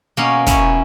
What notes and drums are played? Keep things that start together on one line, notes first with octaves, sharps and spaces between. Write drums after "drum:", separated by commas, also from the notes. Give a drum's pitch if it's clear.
B2 A#3 C#4
B2 C#4 E4, drum: kick, hi-hat